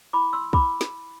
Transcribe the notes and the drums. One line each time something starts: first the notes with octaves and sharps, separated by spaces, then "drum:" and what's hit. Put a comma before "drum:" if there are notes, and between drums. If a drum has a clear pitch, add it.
E4 B5 D6
C6 E6
E4 B5 D6, drum: kick
drum: snare